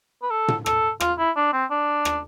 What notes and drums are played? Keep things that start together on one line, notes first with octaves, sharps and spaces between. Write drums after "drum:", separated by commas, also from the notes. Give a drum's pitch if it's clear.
B4
A4
drum: tom
A4, drum: rim click
F4, drum: rim click
E4
D4
C4
D4
drum: rim click